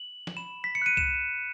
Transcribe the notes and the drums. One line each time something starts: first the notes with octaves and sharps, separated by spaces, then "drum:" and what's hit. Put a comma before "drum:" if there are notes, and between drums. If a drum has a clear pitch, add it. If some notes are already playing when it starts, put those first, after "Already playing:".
Already playing: F#7
drum: snare
B5 E7
B6
C#7
F#6 D#7
E7, drum: kick C2